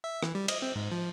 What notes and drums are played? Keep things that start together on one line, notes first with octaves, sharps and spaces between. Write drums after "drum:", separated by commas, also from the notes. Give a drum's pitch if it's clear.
E5
E3, drum: rim click
G3
D#5, drum: cymbal
C4
G#2
F3